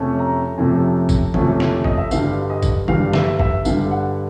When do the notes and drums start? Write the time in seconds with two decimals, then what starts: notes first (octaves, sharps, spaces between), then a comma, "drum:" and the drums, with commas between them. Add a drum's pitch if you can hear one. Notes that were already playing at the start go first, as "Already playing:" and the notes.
Already playing: F2 C3 F3 A3 C#4
0.19 A#5
0.58 F2 C3 F3 A3 C#4
1.09 drum: kick, tambourine
1.34 F2 C3 F3 A3 C#4, drum: tom D#3
1.60 drum: snare
1.84 D#5, drum: kick
1.98 E5
2.11 G2 D3 G3 F5, drum: tambourine
2.50 D#5
2.62 drum: kick, tambourine
2.88 G2 D3 G3 F5, drum: tom D#3
3.13 E5, drum: snare
3.39 E5, drum: kick
3.65 G2 D3 G3 F5, drum: tambourine
3.91 F#5